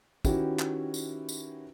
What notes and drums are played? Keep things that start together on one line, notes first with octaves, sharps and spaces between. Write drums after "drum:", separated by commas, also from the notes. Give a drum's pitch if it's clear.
D#3 C#4 E4 F#4 G4 B4, drum: kick, tambourine
drum: clap
drum: tambourine
drum: tambourine